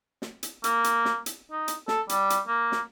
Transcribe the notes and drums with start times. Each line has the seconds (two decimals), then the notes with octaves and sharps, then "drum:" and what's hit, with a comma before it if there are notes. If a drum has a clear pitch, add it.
0.22 drum: snare
0.43 drum: hi-hat
0.64 A#3, drum: hi-hat
0.84 drum: hi-hat
1.05 drum: snare
1.26 drum: hi-hat
1.51 D#4
1.68 drum: hi-hat
1.88 A4, drum: snare
2.09 G3, drum: hi-hat
2.30 drum: hi-hat
2.48 A#3
2.72 drum: snare